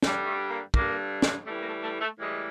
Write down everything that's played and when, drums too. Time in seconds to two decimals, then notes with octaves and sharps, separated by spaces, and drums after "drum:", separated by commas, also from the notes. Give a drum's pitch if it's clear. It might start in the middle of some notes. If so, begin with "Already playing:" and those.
0.02 G2 D3 G3, drum: snare
0.26 A3
0.50 A#3
0.74 G2 D3 G3 A#3, drum: kick
1.22 drum: snare
1.46 A2 E3 G3 A3
1.60 A#3
1.64 A3
1.82 A3
2.01 A3
2.18 A2 E3 G3 G#3